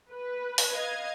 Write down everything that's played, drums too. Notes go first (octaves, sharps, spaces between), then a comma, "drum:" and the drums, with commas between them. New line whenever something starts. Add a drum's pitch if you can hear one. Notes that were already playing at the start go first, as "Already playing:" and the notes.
B4
drum: open hi-hat
D#5 F5 G#6